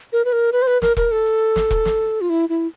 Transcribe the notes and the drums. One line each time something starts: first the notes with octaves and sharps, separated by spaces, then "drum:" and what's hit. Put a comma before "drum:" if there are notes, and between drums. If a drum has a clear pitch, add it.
A#4
B4
A#4
B4
C5
B4, drum: hi-hat
A#4, drum: snare
A#4, drum: kick E1, hi-hat
A4
drum: hi-hat
drum: snare
drum: kick E1
drum: snare
F4
E4
E4